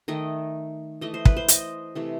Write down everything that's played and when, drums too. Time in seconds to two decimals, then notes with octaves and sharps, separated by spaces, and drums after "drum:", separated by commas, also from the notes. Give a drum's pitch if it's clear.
0.08 D#3 A3 D#5
1.01 E3 A3 D#5
1.14 C5
1.25 B4, drum: kick
1.37 C5
1.48 D#5, drum: hi-hat
1.95 C3 E3 A3